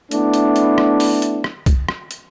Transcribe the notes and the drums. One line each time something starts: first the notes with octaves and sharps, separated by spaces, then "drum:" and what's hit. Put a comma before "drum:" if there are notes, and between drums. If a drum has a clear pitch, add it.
A3 B3 D4 E4, drum: hi-hat
drum: hi-hat
drum: hi-hat
drum: rim click
drum: open hi-hat
drum: hi-hat
drum: rim click
drum: kick, hi-hat
drum: rim click
drum: hi-hat